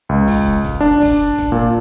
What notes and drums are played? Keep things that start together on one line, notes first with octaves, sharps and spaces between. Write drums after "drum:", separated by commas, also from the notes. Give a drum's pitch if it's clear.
C#2
drum: kick, open hi-hat
drum: kick, hi-hat
D4
drum: kick, open hi-hat
drum: kick, hi-hat
A#2